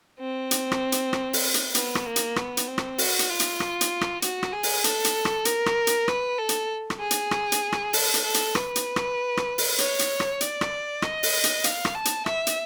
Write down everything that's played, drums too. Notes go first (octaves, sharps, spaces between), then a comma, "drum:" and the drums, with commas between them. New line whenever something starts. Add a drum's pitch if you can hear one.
C4
drum: hi-hat
drum: rim click
drum: hi-hat
drum: rim click
drum: open hi-hat
drum: hi-hat
B3, drum: hi-hat
drum: rim click
A#3
drum: hi-hat
B3, drum: rim click
drum: hi-hat
C4
drum: rim click
F#4, drum: open hi-hat
drum: hi-hat
F4
drum: hi-hat
drum: rim click
drum: hi-hat
drum: rim click
F#4, drum: hi-hat
drum: rim click
G#4
drum: open hi-hat
A4, drum: hi-hat
drum: hi-hat
drum: rim click
A#4, drum: hi-hat
drum: rim click
drum: hi-hat
B4, drum: rim click
A4
drum: hi-hat
drum: rim click
G#4
drum: hi-hat
drum: rim click
drum: hi-hat
drum: rim click
A4, drum: open hi-hat
drum: hi-hat
A4
drum: hi-hat
B4, drum: rim click
drum: hi-hat
drum: rim click
drum: rim click
drum: open hi-hat
C#5, drum: hi-hat
drum: hi-hat
drum: rim click
D5, drum: hi-hat
drum: rim click
D#5, drum: rim click
drum: open hi-hat
drum: hi-hat
F5, drum: hi-hat
drum: rim click
A5
drum: hi-hat
E5, drum: rim click
drum: hi-hat